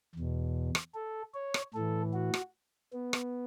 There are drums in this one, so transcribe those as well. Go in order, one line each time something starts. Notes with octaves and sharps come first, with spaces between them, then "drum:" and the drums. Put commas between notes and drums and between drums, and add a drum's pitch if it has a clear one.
E2 B2
drum: rim click
A4
C#5
drum: rim click
A2 E3 A4
F#4
drum: rim click
B3
drum: rim click